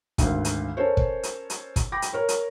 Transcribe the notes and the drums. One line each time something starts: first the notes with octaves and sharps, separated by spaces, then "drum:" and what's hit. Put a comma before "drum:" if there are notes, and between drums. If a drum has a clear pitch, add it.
G#1 D2, drum: kick, hi-hat
drum: hi-hat
C#4 A4 A#4 C5 C#5
drum: kick
drum: hi-hat
drum: hi-hat
drum: kick, hi-hat
G5 B5 D6 A#6
drum: hi-hat
A#4 C#5
drum: hi-hat